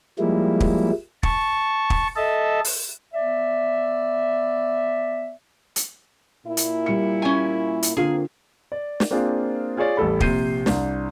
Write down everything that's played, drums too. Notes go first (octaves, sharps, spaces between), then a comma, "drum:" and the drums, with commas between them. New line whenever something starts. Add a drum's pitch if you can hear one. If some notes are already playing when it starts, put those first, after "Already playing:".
F3 G3 G#3 A#3 E4
drum: kick
A5 C#6, drum: kick
drum: kick
A4 D#5 E5 A5
drum: open hi-hat
B3 D5 E5
drum: hi-hat
A#2 A#3 E4
drum: hi-hat
G3 C#7
C#4 G#5
drum: hi-hat
D3 A#3 C4 F4 G#4
D5
drum: snare
A#3 C4 D4 F4 G#4
F4 G#4 C#5 D5
A1 G3 A4 B5
A#1 C3 G6 C7 D#7, drum: kick
C2 D4, drum: snare